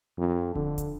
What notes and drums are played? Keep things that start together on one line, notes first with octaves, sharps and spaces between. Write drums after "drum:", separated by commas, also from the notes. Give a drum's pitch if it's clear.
F2
D3, drum: kick
drum: kick, hi-hat